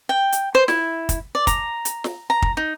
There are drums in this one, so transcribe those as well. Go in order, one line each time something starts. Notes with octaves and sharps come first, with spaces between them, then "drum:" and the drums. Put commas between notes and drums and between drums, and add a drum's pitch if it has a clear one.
G5
drum: hi-hat
C5
E4, drum: snare
drum: kick, hi-hat
D5
A#5, drum: kick, hi-hat
drum: hi-hat
drum: snare
A#5
drum: kick
D#4